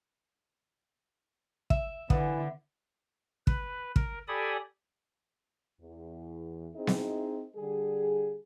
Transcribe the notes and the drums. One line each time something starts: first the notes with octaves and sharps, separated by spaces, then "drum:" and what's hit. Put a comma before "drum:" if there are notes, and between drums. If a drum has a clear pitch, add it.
E5, drum: kick
D3 E3 B3, drum: kick
B4, drum: kick
A#4, drum: kick
G4 A4 D5 G#5 B5 D#6
E2
C4 D#4 E4 G#4 D#5
drum: snare B3
D3 G3 G#4